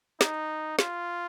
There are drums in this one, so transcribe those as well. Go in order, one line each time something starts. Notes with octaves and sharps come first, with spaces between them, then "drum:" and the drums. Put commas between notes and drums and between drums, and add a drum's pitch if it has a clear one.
D#4, drum: snare
F4, drum: snare